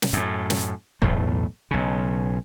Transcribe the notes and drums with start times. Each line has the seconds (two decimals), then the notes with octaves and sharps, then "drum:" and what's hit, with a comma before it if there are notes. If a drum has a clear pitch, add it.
0.02 drum: snare
0.13 F#2 A2
0.50 drum: snare
1.02 B1 E2 A2 A3, drum: kick
1.71 B1 C#3